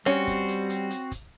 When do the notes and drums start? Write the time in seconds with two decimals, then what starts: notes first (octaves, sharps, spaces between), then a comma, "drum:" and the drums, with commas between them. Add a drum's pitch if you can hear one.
0.06 G3 C4 C#4 F#4
0.27 drum: kick, hi-hat
0.48 drum: hi-hat
0.69 drum: hi-hat
0.90 drum: hi-hat
1.12 drum: kick, hi-hat